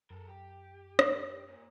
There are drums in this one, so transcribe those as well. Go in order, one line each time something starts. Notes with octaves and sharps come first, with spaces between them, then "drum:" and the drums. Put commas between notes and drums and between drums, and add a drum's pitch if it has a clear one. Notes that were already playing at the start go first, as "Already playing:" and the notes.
F#2 A4 A#4
G4
drum: rim click
A#2